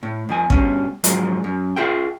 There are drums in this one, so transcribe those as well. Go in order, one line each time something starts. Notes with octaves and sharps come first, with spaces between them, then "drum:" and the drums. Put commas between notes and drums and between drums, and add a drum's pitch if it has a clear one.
A2
F2 F3 G#5
G2 B2 C#4, drum: kick
G#2 F3 F#3 G#3, drum: hi-hat
F#2
F4 G#4 E5 G5